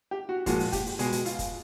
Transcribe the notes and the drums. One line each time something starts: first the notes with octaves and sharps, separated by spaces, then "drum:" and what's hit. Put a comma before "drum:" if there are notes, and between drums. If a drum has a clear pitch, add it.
G4
F#4
A#2 F3 G#3 F#4, drum: kick, hi-hat
drum: open hi-hat
G4, drum: kick, hi-hat
drum: open hi-hat
B2 G#3 G#4, drum: hi-hat
drum: hi-hat
F4, drum: hi-hat
drum: kick, hi-hat